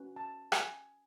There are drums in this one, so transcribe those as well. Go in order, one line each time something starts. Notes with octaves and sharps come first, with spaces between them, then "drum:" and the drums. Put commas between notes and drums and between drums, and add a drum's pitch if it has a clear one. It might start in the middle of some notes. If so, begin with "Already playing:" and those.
Already playing: C#4 F#4 B4
A5
G#5, drum: rim click